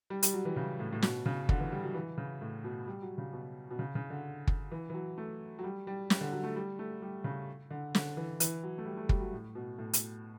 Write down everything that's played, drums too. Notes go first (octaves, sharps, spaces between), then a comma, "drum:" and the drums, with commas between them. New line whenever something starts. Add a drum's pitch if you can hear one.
G3
G3, drum: hi-hat
F#3
E3
C#3
A2
A2
B2, drum: snare
C#3
D3, drum: kick
E3
G3
F#3
E3
C#3
A2
B2
G3
F#3
C#3
B2
B2
C#3
C#3
D3
drum: kick
E3
E3
F#3
A3
F#3
G3
G3
G3, drum: snare
D3
F#3
A3
G3
A3
G3
C#3
D3
D3, drum: snare
E3
E3, drum: hi-hat
F#3
A3
G3
A3
G3, drum: kick
F#3
A2
B2
A2
drum: hi-hat